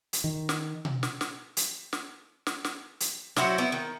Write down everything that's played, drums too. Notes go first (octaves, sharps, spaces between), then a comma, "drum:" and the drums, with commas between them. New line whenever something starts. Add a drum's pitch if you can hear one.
drum: hi-hat
D#3
drum: snare
drum: tom B2
drum: snare
drum: snare
drum: hi-hat
drum: snare
drum: snare
drum: snare
drum: hi-hat
F#3 E4 F#4 C5, drum: snare
B3 E4
D#3